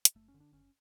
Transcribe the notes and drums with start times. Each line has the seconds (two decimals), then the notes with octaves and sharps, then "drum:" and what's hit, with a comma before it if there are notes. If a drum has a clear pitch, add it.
0.05 drum: hi-hat
0.15 F#1 A3
0.28 C#4
0.34 D3
0.40 D4
0.52 F#1 C#4